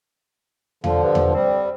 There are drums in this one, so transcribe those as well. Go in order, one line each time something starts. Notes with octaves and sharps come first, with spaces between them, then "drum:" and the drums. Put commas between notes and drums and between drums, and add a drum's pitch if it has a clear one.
D3 F3 F4, drum: tom E2
G2
drum: tom E2
G3 C4